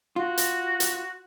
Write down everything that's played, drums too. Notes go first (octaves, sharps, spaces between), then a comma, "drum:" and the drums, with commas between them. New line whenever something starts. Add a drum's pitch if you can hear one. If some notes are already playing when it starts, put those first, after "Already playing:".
F4 F#4
drum: hi-hat
drum: hi-hat